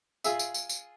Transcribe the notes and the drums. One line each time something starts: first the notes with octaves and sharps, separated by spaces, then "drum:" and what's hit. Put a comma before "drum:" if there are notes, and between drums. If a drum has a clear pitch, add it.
F4 G#4 E5, drum: tambourine
drum: tambourine
drum: tambourine
drum: tambourine